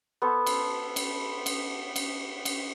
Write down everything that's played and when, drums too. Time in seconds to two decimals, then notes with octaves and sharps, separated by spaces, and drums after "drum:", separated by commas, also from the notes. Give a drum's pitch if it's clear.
0.22 B3 A4 C5 C#6
0.46 drum: cymbal
0.96 drum: cymbal
1.46 drum: cymbal
1.96 drum: cymbal
2.45 drum: cymbal